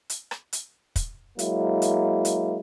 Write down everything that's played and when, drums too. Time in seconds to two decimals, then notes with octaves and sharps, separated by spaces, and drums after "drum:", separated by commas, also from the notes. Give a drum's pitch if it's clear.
0.10 drum: hi-hat
0.31 drum: rim click
0.53 drum: hi-hat
0.96 drum: kick, hi-hat
1.39 F#3 G#3 A#3 E4, drum: hi-hat
1.82 drum: hi-hat
2.25 drum: hi-hat